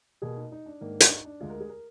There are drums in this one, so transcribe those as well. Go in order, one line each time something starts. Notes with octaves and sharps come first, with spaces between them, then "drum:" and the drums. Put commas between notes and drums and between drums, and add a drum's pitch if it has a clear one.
B2 A#3 G#4
D#4
D#4
D4
G#2 D#3 A#3
D4, drum: hi-hat
D#4
D4
D2 D3 G#3 F4
A#4
G#4
A#4